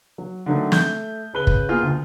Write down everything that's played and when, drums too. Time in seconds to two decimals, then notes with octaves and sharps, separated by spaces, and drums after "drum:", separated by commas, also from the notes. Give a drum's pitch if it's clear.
0.18 F#3
0.46 D3 D#3 F#3 A3
0.72 A3 G6, drum: snare
1.33 C#3 B4 G7
1.47 drum: kick
1.69 A#3 B3 F4 G#4
1.83 D2